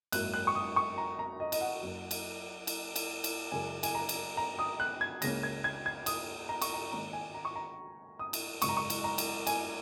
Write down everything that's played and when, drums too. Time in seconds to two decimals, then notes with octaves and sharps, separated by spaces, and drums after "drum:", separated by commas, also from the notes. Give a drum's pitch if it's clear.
0.12 G#1 F#2 F#3 A#3 F#6, drum: cymbal
0.34 F#6
0.47 C#6
0.55 D#6
0.76 C#6
0.98 A#5
1.19 A#5
1.40 D#5
1.52 D#5, drum: cymbal
1.61 F#5
1.83 F#1 F#2 F#3
2.11 drum: cymbal
2.67 drum: cymbal
2.96 drum: cymbal
3.24 drum: cymbal
3.52 F#2 C#3 G#3 C#4 G#5
3.83 G#5, drum: cymbal
3.95 A#5
4.09 drum: cymbal
4.37 A#5
4.59 D#6
4.80 F#6
5.01 G#6
5.22 C#2 C#3 A#3 C#4 A#6, drum: cymbal
5.43 G#6
5.64 G#6
5.86 G#6
6.06 D#6, drum: cymbal
6.49 A#5
6.62 C#6, drum: cymbal
6.74 A#5
6.92 G#2 D#3 A#3 C#4 A#5
7.13 G#5
7.34 A#5
7.45 C#6
7.56 A#5
8.19 D#6
8.33 drum: cymbal
8.62 G#1 F#2 C#3 C#6, drum: cymbal
8.69 A#5
8.77 C#6
8.90 drum: cymbal
9.04 A#5
9.18 drum: cymbal
9.47 G#5, drum: cymbal